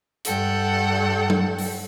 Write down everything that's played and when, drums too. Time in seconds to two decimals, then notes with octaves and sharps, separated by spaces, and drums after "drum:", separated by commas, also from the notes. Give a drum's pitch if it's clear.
0.25 G2 A4 F#5 G5, drum: hi-hat
1.30 drum: tom F#3
1.59 drum: open hi-hat